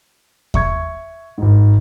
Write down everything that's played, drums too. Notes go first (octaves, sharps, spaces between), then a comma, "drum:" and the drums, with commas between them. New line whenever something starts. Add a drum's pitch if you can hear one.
E5 C#6 G#6, drum: kick E2
G#1 G#2